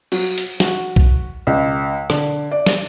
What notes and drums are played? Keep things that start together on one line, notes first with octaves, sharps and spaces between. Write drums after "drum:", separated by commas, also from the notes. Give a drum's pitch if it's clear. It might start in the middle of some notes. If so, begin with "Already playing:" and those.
F#3, drum: cymbal
drum: hi-hat
F#4, drum: snare
drum: kick B1
C#2
D3, drum: rim click
D5
drum: snare